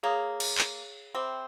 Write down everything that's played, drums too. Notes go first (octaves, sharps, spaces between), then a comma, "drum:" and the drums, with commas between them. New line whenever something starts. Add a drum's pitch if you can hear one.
A#3 G#4 C#5 F5 A#5 D#6
drum: cymbal
drum: clap
C4 E5 G5 B5 D6